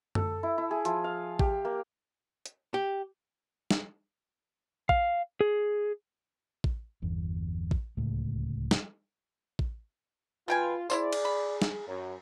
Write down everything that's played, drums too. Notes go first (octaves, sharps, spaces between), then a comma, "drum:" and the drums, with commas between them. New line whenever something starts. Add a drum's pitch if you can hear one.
A4, drum: tom F#2
E4
E4
G#4
F3, drum: hi-hat
F5
G4, drum: kick A1
A#3
drum: hi-hat
G4
drum: snare
F5, drum: kick A1
G#4
drum: kick A1
G1 E2
drum: kick A1
D1 C#2 A2
drum: snare
drum: kick A1
B2 F4 B4 G5 G#5
E4 F4 G#4 C5 D5, drum: tambourine
drum: cymbal
B5
drum: snare
F#2 F#3